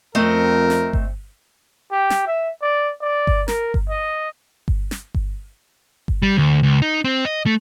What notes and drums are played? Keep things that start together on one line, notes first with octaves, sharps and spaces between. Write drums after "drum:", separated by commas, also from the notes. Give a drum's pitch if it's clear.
F2 A3 C4 A#4 D#5
drum: snare
drum: kick G1
G4
drum: snare
E5
D5
D5
drum: kick G1
A#4, drum: snare
drum: kick G1
D#5
drum: kick G1
drum: snare
drum: kick G1
drum: kick G1
G3
D2
C#2
D#4
C4
D#5
A3